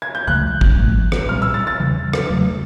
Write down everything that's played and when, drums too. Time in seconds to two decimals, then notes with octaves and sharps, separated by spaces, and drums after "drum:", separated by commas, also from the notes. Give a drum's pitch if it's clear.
0.02 G#6
0.15 G6
0.27 C#2 C#3 F3 A3 F#6
0.61 drum: kick
0.78 A1 A2 F3 A3
1.12 drum: rim click
1.29 C2 A#2 G3 C4 F6
1.42 E6
1.54 A6
1.67 A6
1.80 E2 C#3 E3 G3
2.13 drum: rim click
2.30 E2 C#3 F#3 A3